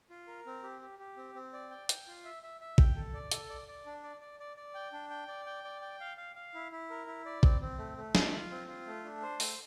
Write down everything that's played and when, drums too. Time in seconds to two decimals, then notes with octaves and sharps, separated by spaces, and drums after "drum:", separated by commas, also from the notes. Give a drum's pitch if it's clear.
0.10 F4
0.27 A#4
0.46 C4
0.63 G4
0.81 G4
0.99 G4
1.17 C4
1.35 C4
1.53 D5
1.71 G5
1.89 G5, drum: hi-hat
2.07 F4
2.25 E5
2.43 E5
2.61 E5
2.78 G5, drum: kick A1
2.96 A4
3.14 D5
3.32 A4, drum: hi-hat
3.50 D5
3.68 D5
3.86 D4
4.03 D5
4.21 D5
4.40 D5
4.57 D5
4.75 G5
4.93 D4
5.10 G5
5.28 D5
5.46 G5
5.64 D5
5.82 G5
6.00 F5
6.17 F5
6.36 F5
6.54 E4
6.72 E4
6.90 A#4
7.07 E4
7.26 D5
7.43 C4, drum: kick A1
7.61 C4
7.78 A3
7.97 A3
8.15 F4, drum: snare
8.33 F4
8.51 C4
8.68 F4
8.86 A3
9.04 D4
9.22 C5
9.40 A3, drum: open hi-hat